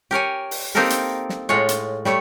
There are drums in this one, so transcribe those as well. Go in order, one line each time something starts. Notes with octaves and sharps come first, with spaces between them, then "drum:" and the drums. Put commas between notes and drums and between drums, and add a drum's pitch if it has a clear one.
G4 A#4 C#5 G#5
drum: open hi-hat
A#3 C4 D#4 G4 A4 A#4
drum: hi-hat
drum: snare
A2 G#3 F4 C#5
drum: hi-hat
G3 A3 C#5, drum: snare